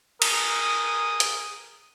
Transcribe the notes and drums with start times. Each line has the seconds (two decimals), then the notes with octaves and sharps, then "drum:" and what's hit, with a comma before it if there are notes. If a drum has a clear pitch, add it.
0.22 G#4 A#4 D#6, drum: cymbal
1.20 drum: hi-hat